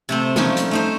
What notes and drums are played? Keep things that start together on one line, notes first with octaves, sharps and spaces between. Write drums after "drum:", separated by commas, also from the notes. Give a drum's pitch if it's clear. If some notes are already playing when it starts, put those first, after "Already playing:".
C3 A3 C4
F3 G3 A3 C#4 D#4, drum: snare
drum: hi-hat
A3 D#4 C5